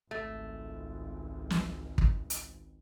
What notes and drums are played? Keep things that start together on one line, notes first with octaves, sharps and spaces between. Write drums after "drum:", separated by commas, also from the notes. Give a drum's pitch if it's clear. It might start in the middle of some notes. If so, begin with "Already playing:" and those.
G#1 C#2 A3
drum: snare
drum: kick
drum: hi-hat